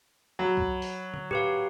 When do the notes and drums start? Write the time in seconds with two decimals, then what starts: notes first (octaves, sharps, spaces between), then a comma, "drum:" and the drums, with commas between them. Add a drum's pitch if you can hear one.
0.39 F#3 B5
0.57 drum: kick C2
0.82 drum: open hi-hat
1.14 drum: tom
1.31 G4 B4 F5, drum: tom G#2